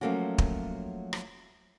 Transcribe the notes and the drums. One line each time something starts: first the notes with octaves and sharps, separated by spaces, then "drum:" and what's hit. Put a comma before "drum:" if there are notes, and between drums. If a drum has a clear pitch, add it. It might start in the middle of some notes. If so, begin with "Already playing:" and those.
F3 F#3 A3 A#3 C#4 F#4
drum: kick
drum: rim click